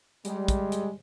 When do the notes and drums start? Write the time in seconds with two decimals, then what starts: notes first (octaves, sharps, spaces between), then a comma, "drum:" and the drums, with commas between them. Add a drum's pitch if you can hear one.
0.25 G3 G#3, drum: hi-hat
0.48 drum: kick, hi-hat
0.72 drum: hi-hat